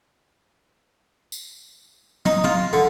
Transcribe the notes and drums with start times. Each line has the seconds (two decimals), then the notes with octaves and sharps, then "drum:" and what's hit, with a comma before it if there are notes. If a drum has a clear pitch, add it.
1.32 drum: tambourine
2.25 D#4, drum: tom
2.44 F4, drum: tom
2.73 D3